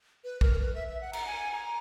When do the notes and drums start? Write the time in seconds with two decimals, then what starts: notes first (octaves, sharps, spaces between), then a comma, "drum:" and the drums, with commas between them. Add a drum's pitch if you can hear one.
0.24 B4
0.41 A#4, drum: kick
0.53 A#4
0.58 B4
0.75 E5
0.88 E5
1.01 F#5
1.13 A#5, drum: cymbal
1.26 G#5
1.52 A#5